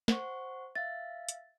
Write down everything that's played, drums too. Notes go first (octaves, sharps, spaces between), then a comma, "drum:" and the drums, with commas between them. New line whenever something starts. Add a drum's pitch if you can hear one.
C5 F#5 C#6, drum: snare
E5 F5 A6
drum: hi-hat